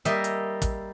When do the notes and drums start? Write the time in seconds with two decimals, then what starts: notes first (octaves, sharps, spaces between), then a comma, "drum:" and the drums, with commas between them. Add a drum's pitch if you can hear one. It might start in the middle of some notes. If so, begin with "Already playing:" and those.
0.05 G3 A#3 D#5 E5, drum: hi-hat
0.24 drum: hi-hat
0.62 drum: kick, hi-hat